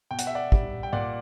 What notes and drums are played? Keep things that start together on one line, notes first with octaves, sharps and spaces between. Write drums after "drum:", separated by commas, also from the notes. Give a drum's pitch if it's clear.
B2 G5
F#5, drum: hi-hat
E5
D5 F#5
G3, drum: kick
G5
A#2 D5 F#5